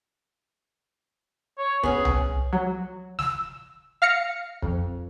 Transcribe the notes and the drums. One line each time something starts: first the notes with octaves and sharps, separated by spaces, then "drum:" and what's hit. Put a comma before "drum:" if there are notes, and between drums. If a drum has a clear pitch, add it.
C#5
B3 C#4 G#4, drum: kick
drum: tom C2
F#3
E6, drum: snare
F5 F6 A#6 C#7
F2, drum: kick